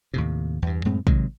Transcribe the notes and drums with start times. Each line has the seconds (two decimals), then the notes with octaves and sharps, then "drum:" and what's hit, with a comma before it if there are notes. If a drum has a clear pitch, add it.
0.14 D#2 A2 C3
0.62 E2 G2
0.85 F#2 A2 G#3 C4
1.07 C3 D#3 F#3 G#3, drum: kick